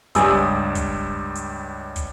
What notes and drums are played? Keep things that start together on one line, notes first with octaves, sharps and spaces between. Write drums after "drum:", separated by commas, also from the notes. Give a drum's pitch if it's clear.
C#2 G2 G4 D#6 E6, drum: kick, hi-hat
drum: kick, hi-hat
drum: hi-hat
drum: kick, hi-hat